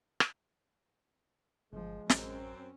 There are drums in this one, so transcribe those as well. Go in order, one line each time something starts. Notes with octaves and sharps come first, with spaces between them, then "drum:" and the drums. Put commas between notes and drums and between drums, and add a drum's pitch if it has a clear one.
drum: rim click
G1 F3 G#3
A1 F#2 C4 C#4, drum: snare